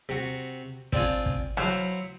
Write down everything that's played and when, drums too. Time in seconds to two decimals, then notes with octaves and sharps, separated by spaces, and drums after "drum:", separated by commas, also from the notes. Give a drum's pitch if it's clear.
0.09 C3 F#4
0.93 C4 D4 F4 G#5, drum: kick
1.26 drum: kick
1.57 F#3 E4 C5 E5 F5, drum: rim click